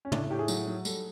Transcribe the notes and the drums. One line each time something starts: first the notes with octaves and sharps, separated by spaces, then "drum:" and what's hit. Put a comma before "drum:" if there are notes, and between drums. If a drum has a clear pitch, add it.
C#4
A2 D4, drum: tom
A2 G4
G#4
F#3, drum: tambourine
F#3
G3 A4, drum: tambourine